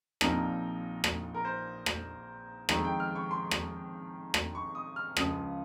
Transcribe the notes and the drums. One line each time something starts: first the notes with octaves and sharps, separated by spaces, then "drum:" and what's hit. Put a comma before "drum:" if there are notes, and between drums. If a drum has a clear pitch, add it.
A#1 A#2 F3 C4 D#4 A#4, drum: rim click
drum: rim click
A#4
C5
drum: rim click
F2 D#3 G#3 C4, drum: rim click
G5
F6
C#6
C6
drum: rim click
drum: rim click
C#6
D#6
F6
C#2 C#3 F3 D#6, drum: rim click